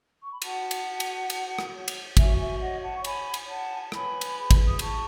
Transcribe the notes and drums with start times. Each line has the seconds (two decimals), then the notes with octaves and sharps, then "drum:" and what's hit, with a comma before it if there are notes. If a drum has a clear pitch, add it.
0.23 C#6
0.32 B5
0.42 F#4 F#5 A5, drum: cymbal
0.71 drum: cymbal
0.85 F#4
1.00 drum: cymbal
1.30 F#4, drum: cymbal
1.59 drum: rim click
1.73 C#5
1.88 drum: cymbal
2.17 F#4 E5 G#5, drum: kick, cymbal
2.39 E5 G#5
2.60 C#5 D#5 F#5
2.82 F#5 A5
2.96 C#6
3.04 C#5 G#5 B5, drum: cymbal
3.34 drum: cymbal
3.48 C#5 F#5 A5
3.71 G#5
3.82 A5
3.92 B4 G#5 B5, drum: rim click
4.21 drum: cymbal
4.36 G#4
4.51 drum: kick, cymbal
4.68 D#6
4.79 E4 A5 C#6, drum: cymbal